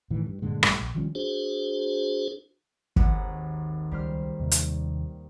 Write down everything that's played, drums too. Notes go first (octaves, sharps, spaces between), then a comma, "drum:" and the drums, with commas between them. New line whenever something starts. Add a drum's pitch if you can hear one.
A2 D#3 E3
G2
G2 A#2 D3 G#3
A#1 G#2 G3 A3, drum: rim click
A#1
D#3 F3 G3 C#4
D4 F#4 G#4 C5
G#1 D#2 F#5, drum: kick
C#2 G3 C5 F6
D#2 C3 D#3
drum: hi-hat